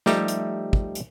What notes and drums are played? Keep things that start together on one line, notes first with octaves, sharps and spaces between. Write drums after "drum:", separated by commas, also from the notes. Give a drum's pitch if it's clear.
F3 G3 A3 D#4 G4 E5, drum: snare
drum: hi-hat
drum: kick
drum: hi-hat